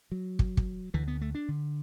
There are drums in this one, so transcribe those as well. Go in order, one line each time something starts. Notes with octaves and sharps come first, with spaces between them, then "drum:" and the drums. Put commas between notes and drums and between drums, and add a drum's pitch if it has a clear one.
F#3
drum: kick
drum: kick
D2 D3 E3
B3
A3
D4
D3